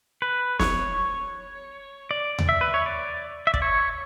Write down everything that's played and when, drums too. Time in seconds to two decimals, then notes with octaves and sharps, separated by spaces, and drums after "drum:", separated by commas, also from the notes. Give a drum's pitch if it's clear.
0.22 B4
0.60 C#5, drum: snare
2.11 D5
2.39 drum: tom D#2
2.49 E5
2.61 B4
2.74 C#5
2.86 D5
3.47 E5
3.54 D5, drum: kick
3.62 C#5